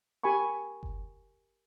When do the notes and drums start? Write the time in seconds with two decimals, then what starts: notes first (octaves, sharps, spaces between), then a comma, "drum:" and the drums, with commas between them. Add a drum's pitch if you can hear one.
0.23 G4 A#4 G#5 B5 C#6
0.83 drum: kick F#1